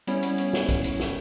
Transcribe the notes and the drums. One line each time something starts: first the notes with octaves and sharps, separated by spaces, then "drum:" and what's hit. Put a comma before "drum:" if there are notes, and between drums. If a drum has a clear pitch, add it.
G3 B3 C#4 E4 C#5, drum: hi-hat
drum: hi-hat
drum: hi-hat
drum: snare
drum: kick B1, hi-hat
drum: hi-hat
drum: snare